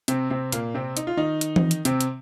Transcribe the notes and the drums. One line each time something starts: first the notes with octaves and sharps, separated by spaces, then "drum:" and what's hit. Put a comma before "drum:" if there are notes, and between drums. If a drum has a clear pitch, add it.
C3 C4, drum: hi-hat
C3 C4
A#2 A#3, drum: hi-hat
C3 C4
D#4, drum: hi-hat
F4
D#3 D#4
drum: hi-hat
drum: tom E3
drum: hi-hat
C3 C4, drum: hi-hat
drum: hi-hat